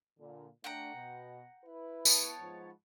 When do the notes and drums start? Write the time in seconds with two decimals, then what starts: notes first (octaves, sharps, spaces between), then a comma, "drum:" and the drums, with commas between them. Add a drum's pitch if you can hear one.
0.18 A#2 D3
0.64 A3 D4 F#5 G5 A#5
0.94 B2
1.64 E4 B4
2.05 B3 C#5 A5, drum: tambourine
2.41 G#2 F3